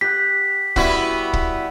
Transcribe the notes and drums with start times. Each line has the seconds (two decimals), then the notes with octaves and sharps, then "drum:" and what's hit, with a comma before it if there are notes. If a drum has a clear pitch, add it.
0.01 G4 F#5 B6
0.76 G3 B3 E4 F#4 C#5, drum: kick
1.33 drum: kick